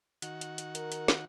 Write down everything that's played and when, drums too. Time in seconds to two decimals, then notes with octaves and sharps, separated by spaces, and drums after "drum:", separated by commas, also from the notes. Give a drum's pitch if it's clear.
0.22 D#3 F#4 F#5, drum: hi-hat
0.41 drum: hi-hat
0.58 drum: hi-hat
0.75 A#4, drum: hi-hat
0.92 drum: hi-hat
1.08 drum: snare